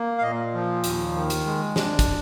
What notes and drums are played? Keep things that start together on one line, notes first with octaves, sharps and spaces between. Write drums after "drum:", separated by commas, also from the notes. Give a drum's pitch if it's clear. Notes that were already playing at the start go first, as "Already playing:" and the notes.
Already playing: A#3
F5
A#2 D#5
F3
D#2, drum: hi-hat
D#3
drum: hi-hat
G#3
D4, drum: snare
drum: kick, hi-hat